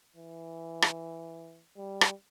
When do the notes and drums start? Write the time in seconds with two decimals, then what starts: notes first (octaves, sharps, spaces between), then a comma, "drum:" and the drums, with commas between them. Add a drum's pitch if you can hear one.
0.16 E3
0.82 drum: rim click
1.77 G3
2.01 drum: rim click